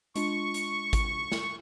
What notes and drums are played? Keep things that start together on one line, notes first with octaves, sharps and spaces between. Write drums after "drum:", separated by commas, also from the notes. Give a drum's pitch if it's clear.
G#3 D4 F4 C#6, drum: hi-hat
drum: hi-hat
drum: kick G#1, hi-hat
drum: snare